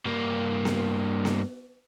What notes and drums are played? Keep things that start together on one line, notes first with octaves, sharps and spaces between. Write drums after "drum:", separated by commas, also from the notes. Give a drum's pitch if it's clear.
G2 A#3
drum: snare B3
drum: snare B3